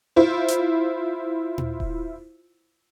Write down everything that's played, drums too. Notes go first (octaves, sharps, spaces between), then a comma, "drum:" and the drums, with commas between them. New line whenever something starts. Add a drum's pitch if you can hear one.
E4 F4 C5
drum: hi-hat
drum: tom
drum: kick D#1